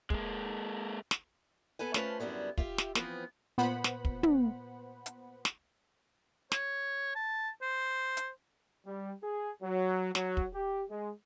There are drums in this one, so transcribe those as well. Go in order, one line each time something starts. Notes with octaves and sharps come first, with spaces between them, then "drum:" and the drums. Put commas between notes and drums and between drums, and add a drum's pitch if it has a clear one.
G#3 A#3, drum: kick
drum: snare
B3 A4 B4 G#5
A3 C#4 F4 B4 C5 A5, drum: snare
F#2 D3 G3 B3 E4
F4 G4 E5, drum: kick
drum: snare
E3 F3 B3 C4, drum: snare
A#2 B3 C5 F#5 B5
drum: snare
drum: kick
drum: tom
drum: hi-hat
drum: snare
C#5, drum: snare
A5
C5
drum: hi-hat
G3
G#4
F#3
F#3, drum: snare
drum: kick
G4
G#3